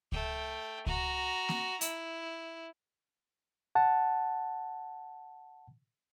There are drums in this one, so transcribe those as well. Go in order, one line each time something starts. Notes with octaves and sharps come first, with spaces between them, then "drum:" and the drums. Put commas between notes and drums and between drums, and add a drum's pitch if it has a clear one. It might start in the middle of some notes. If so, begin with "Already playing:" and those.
A3 G5, drum: kick C#2
F#4 A#5, drum: kick C#2
drum: snare A#3
E4, drum: hi-hat
F#5 A5